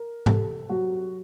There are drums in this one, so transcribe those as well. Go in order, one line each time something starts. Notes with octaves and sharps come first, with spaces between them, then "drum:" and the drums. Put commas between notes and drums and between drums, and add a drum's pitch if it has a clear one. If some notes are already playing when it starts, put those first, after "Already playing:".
Already playing: A#4
C3 A4, drum: tom G#2
F#3 F#4